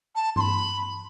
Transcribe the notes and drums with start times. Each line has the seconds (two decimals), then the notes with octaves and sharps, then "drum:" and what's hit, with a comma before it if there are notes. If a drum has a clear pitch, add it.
0.15 A5
0.36 C6, drum: tom G2
0.40 B5